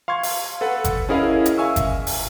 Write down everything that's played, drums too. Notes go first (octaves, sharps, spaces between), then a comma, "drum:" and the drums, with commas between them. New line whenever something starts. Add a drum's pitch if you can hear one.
F5 C6 C#6 G#6
drum: open hi-hat
A4 B4 F#5
drum: kick G1, hi-hat
C#4 E4 G#4 A#4 D#5 F5
drum: hi-hat
E5 F5 G#5 C#6 E6 F6
drum: kick G1, hi-hat
drum: open hi-hat